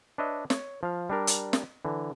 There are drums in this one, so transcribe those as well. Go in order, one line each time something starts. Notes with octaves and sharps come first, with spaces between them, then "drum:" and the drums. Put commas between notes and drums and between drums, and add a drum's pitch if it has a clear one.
D4 B4 C#5 D#5 E5
C#5, drum: snare
F3 F5
G3 D4 A#4
drum: hi-hat
drum: snare
D3 E3